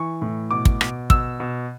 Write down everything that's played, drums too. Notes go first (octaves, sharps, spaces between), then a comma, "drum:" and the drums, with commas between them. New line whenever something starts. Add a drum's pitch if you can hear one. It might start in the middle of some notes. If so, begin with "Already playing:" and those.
Already playing: E3 C#6
A2
B2 D6
drum: kick
B2, drum: rim click
B2 E6, drum: kick
B2